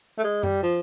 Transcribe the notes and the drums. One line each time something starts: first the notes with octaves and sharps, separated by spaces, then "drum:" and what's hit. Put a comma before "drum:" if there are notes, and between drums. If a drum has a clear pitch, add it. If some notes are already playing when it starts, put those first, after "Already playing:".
A3
G#3
G3, drum: tom F#2
F3